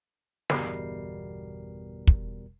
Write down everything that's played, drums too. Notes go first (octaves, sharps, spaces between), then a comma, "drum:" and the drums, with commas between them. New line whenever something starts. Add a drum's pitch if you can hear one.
G1 E2 B2 G3 A#4 C7, drum: snare
drum: kick